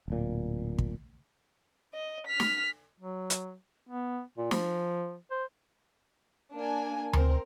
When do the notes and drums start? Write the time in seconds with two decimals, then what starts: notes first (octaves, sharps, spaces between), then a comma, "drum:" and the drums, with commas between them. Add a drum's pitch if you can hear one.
0.08 D1 A#2
0.78 drum: kick
1.94 D#5
2.27 F6 B6
2.40 drum: snare
3.00 F#3
3.30 drum: hi-hat
3.89 B3
4.38 A#2
4.51 F3, drum: snare
5.31 C5
6.55 A#3 D4 G#5
7.13 C4 A#4, drum: tom D2